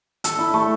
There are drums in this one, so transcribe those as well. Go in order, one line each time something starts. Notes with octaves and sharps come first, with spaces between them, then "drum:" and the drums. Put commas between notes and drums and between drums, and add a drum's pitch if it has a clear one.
A4, drum: hi-hat
E4
A3